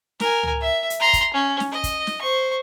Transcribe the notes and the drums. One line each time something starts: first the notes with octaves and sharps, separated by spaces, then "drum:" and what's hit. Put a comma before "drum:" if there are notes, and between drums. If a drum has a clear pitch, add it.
A#4 G#5, drum: snare
drum: tom C#2
E5
drum: hi-hat
A#5 C6
drum: kick, hi-hat
C#4
drum: snare
D#5
drum: kick, hi-hat
drum: snare
C5 C#6